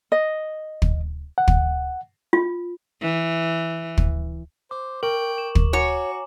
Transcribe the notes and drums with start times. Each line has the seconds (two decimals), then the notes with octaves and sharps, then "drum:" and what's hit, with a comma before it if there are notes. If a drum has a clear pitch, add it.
0.12 D#5
0.82 drum: kick
1.38 F#5
1.48 drum: kick
2.33 F4
3.01 E3
3.97 drum: kick
4.71 C5 D6
5.03 A#4 G5 C#6 F#7
5.38 E7
5.55 drum: kick
5.73 F#4 C#5 G#5 A#5 D6